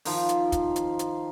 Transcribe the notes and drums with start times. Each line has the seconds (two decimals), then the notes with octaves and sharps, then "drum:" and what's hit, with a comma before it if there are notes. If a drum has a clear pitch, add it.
0.05 D#3 F3, drum: open hi-hat
0.29 drum: hi-hat
0.52 drum: kick, hi-hat
0.76 drum: hi-hat
0.99 drum: hi-hat